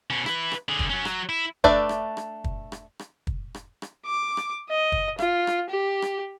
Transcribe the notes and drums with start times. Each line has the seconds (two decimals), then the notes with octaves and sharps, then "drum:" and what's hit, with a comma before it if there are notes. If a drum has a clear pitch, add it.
0.10 B2 C#4
0.26 E4 B4, drum: rim click
0.52 drum: rim click
0.69 D3 G#4
0.79 drum: kick
0.90 F#3 C#4
1.05 F#3, drum: rim click
1.29 E4
1.64 A3 D4 B4 D5 E5, drum: kick
1.89 drum: rim click
2.17 drum: rim click
2.44 drum: kick
2.72 drum: rim click
2.99 drum: rim click
3.27 drum: kick
3.55 drum: rim click
3.82 drum: rim click
4.06 D6
4.37 drum: rim click
4.70 D#5
4.92 drum: kick
5.19 F4, drum: rim click
5.47 drum: rim click
5.70 G4
6.02 drum: rim click